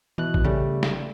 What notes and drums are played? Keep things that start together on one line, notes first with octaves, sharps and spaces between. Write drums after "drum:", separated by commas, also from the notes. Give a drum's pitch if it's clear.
B2 E3 F#6
drum: kick
C#3 G3 A3
drum: snare